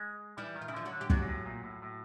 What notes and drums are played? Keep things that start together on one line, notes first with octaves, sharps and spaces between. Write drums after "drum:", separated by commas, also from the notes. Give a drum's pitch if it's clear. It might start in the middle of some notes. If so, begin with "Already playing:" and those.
Already playing: G#3
E3 G3 E4
D#3
F4
C#3 E4
D3 F3 F4
F#3 F#4
D3
G4
G#2 F#3 F#4, drum: kick
A#2
A2
A#2
A2
A2